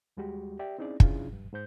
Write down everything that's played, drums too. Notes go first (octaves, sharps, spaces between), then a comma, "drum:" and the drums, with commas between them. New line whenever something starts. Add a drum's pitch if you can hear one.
D#2 G3 G#3 F#4 G4
G4 D5 E5 G5
C4 C#4 D#4 E4 G#4 D5
C#4 D4 E4 F4 G#4, drum: kick
G2
G#2 C5 G6